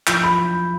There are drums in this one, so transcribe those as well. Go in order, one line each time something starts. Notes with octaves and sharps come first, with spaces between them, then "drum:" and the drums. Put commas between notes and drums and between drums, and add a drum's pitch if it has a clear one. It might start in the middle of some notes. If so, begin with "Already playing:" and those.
F3 G6, drum: clap
B5